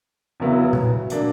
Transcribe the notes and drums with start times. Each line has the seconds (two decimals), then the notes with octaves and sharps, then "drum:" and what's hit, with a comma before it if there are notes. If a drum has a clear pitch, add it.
0.40 E2 C#3 F#3 B3 E4
0.73 drum: tom A#2
1.10 F#3 A#3 D4, drum: hi-hat